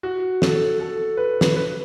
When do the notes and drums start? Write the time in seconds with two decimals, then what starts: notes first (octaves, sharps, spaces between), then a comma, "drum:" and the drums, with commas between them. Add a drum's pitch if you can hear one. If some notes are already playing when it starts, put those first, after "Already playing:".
0.03 F#4
0.42 A4, drum: snare
0.80 A4
1.17 B4
1.41 drum: snare
1.56 B4